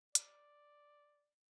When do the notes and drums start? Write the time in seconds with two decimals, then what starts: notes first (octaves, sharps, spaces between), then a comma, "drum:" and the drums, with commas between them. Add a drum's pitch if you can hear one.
0.15 D5, drum: hi-hat